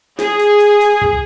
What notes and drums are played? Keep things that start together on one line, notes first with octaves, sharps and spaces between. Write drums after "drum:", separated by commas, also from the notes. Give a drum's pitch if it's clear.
G#4, drum: snare
drum: tambourine
drum: tambourine
drum: tambourine
drum: kick